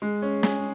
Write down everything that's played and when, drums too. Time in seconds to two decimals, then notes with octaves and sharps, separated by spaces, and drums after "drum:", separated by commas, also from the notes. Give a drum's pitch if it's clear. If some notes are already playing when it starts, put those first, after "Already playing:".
0.02 G#3
0.22 C#4
0.43 G#4, drum: snare